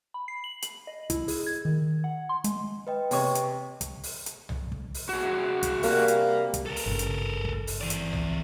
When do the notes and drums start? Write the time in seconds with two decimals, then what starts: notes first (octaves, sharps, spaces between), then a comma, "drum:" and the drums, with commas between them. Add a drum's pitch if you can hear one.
0.14 B5
0.28 C7
0.44 F#7
0.62 F#7, drum: hi-hat
0.87 D#5
1.10 E4, drum: kick, hi-hat
1.28 G#4, drum: open hi-hat
1.47 G#6
1.65 D#3
2.04 F#5
2.29 C6
2.44 G#3, drum: hi-hat
2.87 B4 D#5 G5
3.11 C3 C#5 C#6, drum: open hi-hat
3.35 drum: hi-hat
3.81 drum: kick, hi-hat
4.03 drum: open hi-hat
4.26 drum: hi-hat
4.49 drum: tom B1
4.72 drum: kick
4.94 drum: open hi-hat
5.09 F#4 G#4
5.63 drum: kick, hi-hat
5.83 C3 G3 A#3, drum: open hi-hat
6.08 drum: hi-hat
6.54 drum: kick, hi-hat
6.66 A4 A#4
6.76 drum: open hi-hat
6.86 G#1 G2 C#3
6.99 drum: hi-hat
7.45 drum: kick
7.67 drum: open hi-hat
7.81 E3 D5
7.90 drum: hi-hat
8.13 drum: tom B1